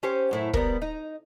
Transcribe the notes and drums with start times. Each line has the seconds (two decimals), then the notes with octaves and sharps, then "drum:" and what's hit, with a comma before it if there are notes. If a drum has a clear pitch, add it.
0.03 C#4 G4 C5
0.31 F#2 A2 E4
0.53 G3 B3 A#4, drum: kick
0.82 D#4